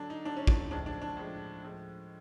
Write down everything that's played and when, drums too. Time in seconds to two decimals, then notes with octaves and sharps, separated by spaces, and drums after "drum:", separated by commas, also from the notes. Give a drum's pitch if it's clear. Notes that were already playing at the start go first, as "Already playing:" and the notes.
Already playing: D3 F#3 D4
0.10 D#4
0.25 D3 F#3 D4
0.37 C#4
0.47 D4, drum: kick
0.71 A2 F3 G#3 D4
0.86 D4
1.01 D4
1.17 A2 F3 G#3
1.63 A2 F3 G#3